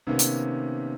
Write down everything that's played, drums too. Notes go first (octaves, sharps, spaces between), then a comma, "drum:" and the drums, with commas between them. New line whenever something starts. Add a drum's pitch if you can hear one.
C3 D#3 A#3 B3 C#4
drum: hi-hat